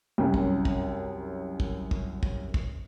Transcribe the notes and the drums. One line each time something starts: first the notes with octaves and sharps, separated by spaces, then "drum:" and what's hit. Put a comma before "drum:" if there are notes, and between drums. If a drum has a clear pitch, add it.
C2 F#2 C#4 G5
drum: kick
drum: kick
drum: kick
drum: kick
drum: kick
drum: kick